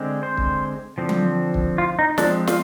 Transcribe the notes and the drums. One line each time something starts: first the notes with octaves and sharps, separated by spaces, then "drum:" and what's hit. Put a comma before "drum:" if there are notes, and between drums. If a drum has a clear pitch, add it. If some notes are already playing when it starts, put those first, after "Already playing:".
Already playing: D3 G#3 C4
C5
drum: kick
D3 F3 C4
drum: tom F#3
drum: kick
F4
D#4
F3 G#3 C4 D4, drum: snare
F4, drum: snare